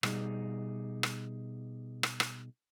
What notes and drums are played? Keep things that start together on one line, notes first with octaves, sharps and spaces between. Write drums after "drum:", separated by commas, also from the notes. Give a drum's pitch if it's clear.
B2 G3 D#4 G#4, drum: rim click
drum: rim click
drum: rim click
drum: rim click